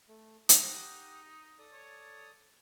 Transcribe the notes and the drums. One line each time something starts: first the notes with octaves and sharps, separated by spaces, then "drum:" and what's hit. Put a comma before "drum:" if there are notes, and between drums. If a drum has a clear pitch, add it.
A3
D#4 G4 F#5 D#6, drum: hi-hat
A4 D5 D#6
C#5